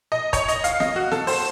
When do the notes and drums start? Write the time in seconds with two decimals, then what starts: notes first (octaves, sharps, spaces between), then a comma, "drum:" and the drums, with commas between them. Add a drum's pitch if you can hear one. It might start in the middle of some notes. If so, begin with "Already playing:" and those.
0.12 D#5
0.33 C#5, drum: kick, hi-hat
0.48 D#5, drum: hi-hat
0.64 F5, drum: hi-hat
0.80 D#5, drum: snare
0.96 F#4
1.12 A4, drum: snare
1.27 C5, drum: open hi-hat